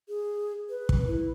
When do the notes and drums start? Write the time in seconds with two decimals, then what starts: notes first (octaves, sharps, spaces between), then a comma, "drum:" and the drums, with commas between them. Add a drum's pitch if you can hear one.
0.08 G#4
0.69 B4
0.89 drum: kick
1.07 E4